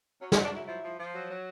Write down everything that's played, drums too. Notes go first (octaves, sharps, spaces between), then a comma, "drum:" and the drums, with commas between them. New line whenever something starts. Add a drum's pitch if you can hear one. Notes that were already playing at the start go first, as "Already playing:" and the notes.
F#3 C#4
C4, drum: snare
F#3
D4
F#3 E4
F3 E4
F3
F3
F#3
F#3